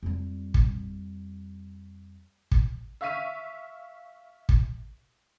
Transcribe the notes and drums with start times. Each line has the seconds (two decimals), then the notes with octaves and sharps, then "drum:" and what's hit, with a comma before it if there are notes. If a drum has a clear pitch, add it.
0.03 F2 G3
0.54 drum: kick
2.52 drum: kick
3.01 E5 F5 C#6 F6 B6 D#7
4.49 drum: kick